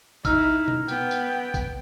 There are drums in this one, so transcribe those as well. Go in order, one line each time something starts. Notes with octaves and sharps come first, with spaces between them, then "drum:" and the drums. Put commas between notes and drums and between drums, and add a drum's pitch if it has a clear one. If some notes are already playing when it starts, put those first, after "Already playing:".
D#4 E4 E6 F6, drum: kick A#1, tambourine
drum: tom B2
B3 G5, drum: tambourine
drum: tambourine
drum: kick A#1, tambourine